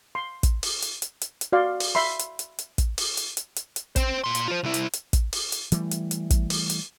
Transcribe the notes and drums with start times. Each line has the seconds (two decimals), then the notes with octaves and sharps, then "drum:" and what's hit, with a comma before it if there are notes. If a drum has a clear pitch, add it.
0.15 C6
0.43 drum: kick, hi-hat
0.63 drum: open hi-hat
0.82 drum: hi-hat
1.02 drum: hi-hat
1.21 drum: hi-hat
1.41 drum: hi-hat
1.53 F#4 D5 F5 C6
1.80 drum: open hi-hat
1.95 E5 B5 C6
2.19 drum: hi-hat
2.39 drum: hi-hat
2.59 drum: hi-hat
2.78 drum: kick, hi-hat
2.98 drum: open hi-hat
3.17 drum: hi-hat
3.37 drum: hi-hat
3.56 drum: hi-hat
3.76 drum: hi-hat
3.96 C5 G5, drum: kick, hi-hat
4.24 A#2 C6
4.35 drum: hi-hat
4.48 F4 C5
4.63 C2 E4
4.74 drum: hi-hat
4.93 drum: hi-hat
5.13 drum: kick, hi-hat
5.33 drum: open hi-hat
5.52 drum: hi-hat
5.72 E3 G3 A3, drum: hi-hat
5.91 drum: hi-hat
6.11 drum: hi-hat
6.30 drum: kick, hi-hat
6.50 drum: open hi-hat
6.70 drum: hi-hat